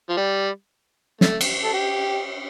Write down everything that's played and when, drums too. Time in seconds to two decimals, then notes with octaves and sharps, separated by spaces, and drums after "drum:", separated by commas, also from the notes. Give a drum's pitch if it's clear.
0.10 F3
0.17 G3
1.21 A3, drum: snare
1.41 drum: cymbal
1.64 A4
1.73 G4